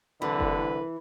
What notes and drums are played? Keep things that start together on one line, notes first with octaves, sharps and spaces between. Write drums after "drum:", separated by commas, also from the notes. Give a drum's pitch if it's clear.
C2 D3 E3 B4
drum: kick F#1